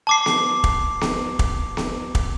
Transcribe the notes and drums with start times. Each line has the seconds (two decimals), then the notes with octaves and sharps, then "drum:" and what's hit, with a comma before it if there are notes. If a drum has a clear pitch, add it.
0.07 A5 D6 C7
0.26 drum: snare B3
0.64 drum: kick
1.01 drum: snare B3
1.39 drum: kick
1.77 drum: snare B3
2.15 drum: kick